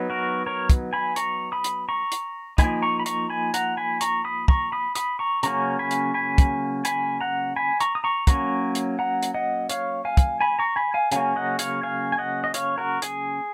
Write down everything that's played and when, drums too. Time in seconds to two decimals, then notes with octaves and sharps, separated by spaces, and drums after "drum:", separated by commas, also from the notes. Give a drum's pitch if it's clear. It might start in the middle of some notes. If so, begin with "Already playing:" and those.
Already playing: F#3 B3 D#4
0.10 F#4 A#4
0.46 A#4 C#5
0.70 drum: kick, hi-hat
0.93 G#5 B5
1.16 A#5 C#6, drum: hi-hat
1.52 B5 D#6
1.64 drum: hi-hat
1.89 A#5 C#6
2.12 drum: hi-hat
2.58 F3 A#3 D#4 G#5 B5, drum: kick, hi-hat
2.82 A#5 C#6
3.00 B5
3.06 A#5 C#6, drum: hi-hat
3.30 G#5 B5
3.54 F#5 A#5, drum: hi-hat
3.77 G#5 B5
4.01 A#5 C#6, drum: hi-hat
4.25 B5 D#6
4.48 A#5 C#6, drum: kick
4.72 B5 D#6
4.95 B5 D#6, drum: hi-hat
5.19 A#5 C#6
5.43 C#3 F#3 A#3 C#4 A#5 C#6, drum: hi-hat
5.79 G#5 B5
5.91 drum: hi-hat
6.14 G#5 B5
6.38 drum: kick, hi-hat
6.85 G#5 B5, drum: hi-hat
7.21 F#5 A#5
7.56 G#5 B5
7.80 A#5 C#6, drum: hi-hat
7.95 D#6
8.04 A#5 C#6
8.27 F#3 A#3 C#4 A#5 C#6, drum: kick, hi-hat
8.75 drum: hi-hat
8.99 F#5 A#5
9.23 drum: hi-hat
9.34 D#5 F#5
9.69 C#5 F5, drum: hi-hat
10.05 F5 G#5
10.17 drum: kick, hi-hat
10.41 G#5 B5
10.59 A#5 C#6
10.76 G#5 B5
10.94 F5 G#5
11.12 C#3 F#3 A#3 C#4 F5 G#5, drum: hi-hat
11.36 D#5 F#5
11.59 C#5 F5, drum: hi-hat
11.83 F5 G#5
12.12 G#5
12.18 D#5 F#5
12.44 D#5
12.54 C#5 F5, drum: hi-hat
12.78 F#4 A#4
13.02 G#4, drum: hi-hat